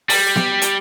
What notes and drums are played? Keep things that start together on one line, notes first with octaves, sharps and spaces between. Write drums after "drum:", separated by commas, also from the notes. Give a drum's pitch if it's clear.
G3, drum: open hi-hat
drum: snare B3
drum: hi-hat